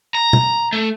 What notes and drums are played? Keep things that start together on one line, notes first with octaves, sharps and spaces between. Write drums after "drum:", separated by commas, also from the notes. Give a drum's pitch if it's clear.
A#5
drum: tom
A3